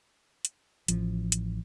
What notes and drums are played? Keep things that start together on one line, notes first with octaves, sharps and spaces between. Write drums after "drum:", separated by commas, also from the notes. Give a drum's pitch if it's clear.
drum: hi-hat
A1 F3, drum: hi-hat
drum: hi-hat